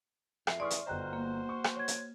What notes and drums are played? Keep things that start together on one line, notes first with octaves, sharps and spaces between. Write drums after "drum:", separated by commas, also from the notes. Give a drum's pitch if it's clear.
F2 E5 C7, drum: rim click
A2 E3 G#4 D5 C6 C#6 F6
drum: hi-hat
G1 F#4 C5 D#5 G5 A#5 F#6
A#3
C#6
drum: rim click
C#5 G#6
drum: hi-hat